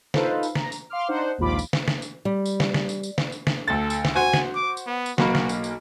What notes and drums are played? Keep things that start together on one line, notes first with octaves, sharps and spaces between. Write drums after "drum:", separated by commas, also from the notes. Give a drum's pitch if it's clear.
D#4 F4 A4 B4 C5 F5, drum: snare
drum: tambourine
A#5, drum: snare
drum: tambourine
F5 C6 D6 F6
D4 D#4 C5 F#5
A#1 D#2 G#2 F4 B5 D6
drum: tambourine
drum: snare
drum: snare
drum: tambourine
G3
drum: tambourine
drum: snare
drum: snare
drum: tambourine
drum: tambourine
drum: snare
drum: tambourine
drum: snare
D2 A4 A6
drum: tambourine
drum: snare
F#4 C5 G#5
drum: snare
D6
drum: tambourine
B3
drum: tambourine
B1 A#3 F#4 B5, drum: snare
drum: snare
drum: tambourine
drum: tambourine